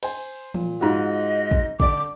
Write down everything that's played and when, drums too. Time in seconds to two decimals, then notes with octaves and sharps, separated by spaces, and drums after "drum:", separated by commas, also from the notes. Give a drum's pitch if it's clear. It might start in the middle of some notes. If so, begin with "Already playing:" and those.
0.03 C5 G#5, drum: cymbal
0.54 A#2, drum: tom E3
0.81 G#2 F4 F#4 D#5
1.51 drum: kick
1.80 D3 D5 D6, drum: kick